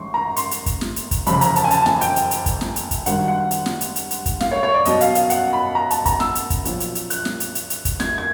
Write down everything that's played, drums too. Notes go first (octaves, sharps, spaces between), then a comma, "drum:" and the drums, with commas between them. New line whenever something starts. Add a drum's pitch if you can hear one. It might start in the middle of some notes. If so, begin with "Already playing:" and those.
Already playing: A1 G#2 E3 C6 C#6
A#5
C6, drum: hi-hat
drum: hi-hat
drum: kick, hi-hat
drum: snare
drum: hi-hat
drum: kick, hi-hat
F1 F2 C#3 E3 B5, drum: hi-hat
A#5, drum: hi-hat
A5, drum: hi-hat
G#5
A5, drum: hi-hat
A5
G#5, drum: snare
G5, drum: hi-hat
drum: hi-hat
drum: hi-hat
drum: kick, hi-hat
drum: snare
drum: hi-hat
drum: kick, hi-hat
G#1 G2 D#3 F#3 F#5, drum: hi-hat
F#5
drum: hi-hat
drum: snare
drum: hi-hat
drum: hi-hat
drum: hi-hat
drum: kick, hi-hat
F5, drum: snare
C#5
C#5
D5
B1 B2 F#3 D#5, drum: hi-hat
F5, drum: hi-hat
F5, drum: hi-hat
F#5, drum: hi-hat
B5
A#5
A5, drum: hi-hat
A#5, drum: kick, hi-hat
E6, drum: snare
drum: hi-hat
drum: kick, hi-hat
B1 A#2 F3, drum: hi-hat
drum: hi-hat
drum: hi-hat
F#6, drum: hi-hat
drum: snare
drum: hi-hat
drum: hi-hat
drum: hi-hat
drum: kick, hi-hat
G#6, drum: snare
G#6